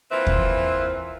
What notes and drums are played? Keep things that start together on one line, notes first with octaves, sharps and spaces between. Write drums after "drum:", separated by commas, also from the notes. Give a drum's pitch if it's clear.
E3 A#3 C4 F4 B4 E5
drum: kick D#2